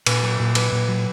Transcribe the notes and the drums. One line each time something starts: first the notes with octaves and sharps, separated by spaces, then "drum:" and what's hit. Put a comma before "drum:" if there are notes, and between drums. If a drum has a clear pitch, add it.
A#2 B4, drum: cymbal
F#3
A#2
F#3 B4, drum: cymbal
A#2
F#3